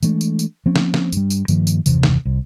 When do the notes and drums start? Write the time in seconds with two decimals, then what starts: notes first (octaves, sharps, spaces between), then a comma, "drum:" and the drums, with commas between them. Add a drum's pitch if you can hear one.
0.03 E3 G#3 A3 D4, drum: tambourine
0.21 drum: tambourine
0.39 drum: tambourine
0.66 F3 A#3 C4 C#4
0.76 drum: snare
0.94 drum: snare
1.12 G2 G3, drum: tambourine
1.30 drum: tambourine
1.48 G2 D#3 F3 A#3, drum: tambourine
1.67 drum: tambourine
1.86 F#1 D#2 C3 E3, drum: tambourine
2.03 drum: snare
2.25 C2